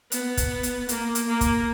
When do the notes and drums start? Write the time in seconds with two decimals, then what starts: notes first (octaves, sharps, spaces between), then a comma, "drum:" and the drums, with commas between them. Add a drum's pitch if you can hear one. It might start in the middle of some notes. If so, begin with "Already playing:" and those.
0.12 B3, drum: hi-hat
0.37 drum: kick, hi-hat
0.63 drum: hi-hat
0.89 A#3, drum: hi-hat
1.15 drum: hi-hat
1.27 A#3
1.41 drum: kick, hi-hat